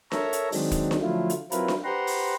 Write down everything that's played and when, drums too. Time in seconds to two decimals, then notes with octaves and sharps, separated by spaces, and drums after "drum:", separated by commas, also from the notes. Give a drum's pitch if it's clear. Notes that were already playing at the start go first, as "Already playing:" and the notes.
0.12 A4 A#4 C#5 E5 A#5, drum: snare D4
0.33 drum: hi-hat
0.52 D#3 F#3 G#3 C4 D4 D#4, drum: open hi-hat
0.71 drum: kick, hi-hat
0.91 drum: snare D4
1.02 D3 F3 F#3 A3 E4 F4
1.30 drum: hi-hat
1.52 F#3 C4 E4 F4 A#4 B4, drum: hi-hat
1.68 drum: snare D4
1.84 G4 B4 C5 F#5 A#5 C6
2.07 drum: open hi-hat